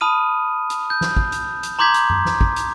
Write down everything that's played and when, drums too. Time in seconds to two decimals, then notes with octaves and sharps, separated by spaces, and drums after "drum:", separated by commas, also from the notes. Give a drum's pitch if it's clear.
0.01 A5 B5 D#6 F6 D#7
0.70 drum: hi-hat
0.90 G6
1.01 drum: snare
1.17 drum: kick
1.32 drum: hi-hat
1.63 drum: hi-hat
1.79 A#5 C6 D6 G6 G#6 B6
1.94 drum: hi-hat
2.10 drum: tom F#2
2.25 drum: snare
2.41 drum: kick
2.56 drum: hi-hat